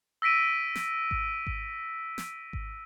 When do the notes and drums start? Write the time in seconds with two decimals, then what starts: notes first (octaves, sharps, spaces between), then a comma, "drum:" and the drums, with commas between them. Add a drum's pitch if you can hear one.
0.22 E6 A#6 B6 D7 D#7
0.75 drum: snare
1.11 drum: kick G#1
1.47 drum: kick G#1
2.18 drum: snare
2.53 drum: kick G#1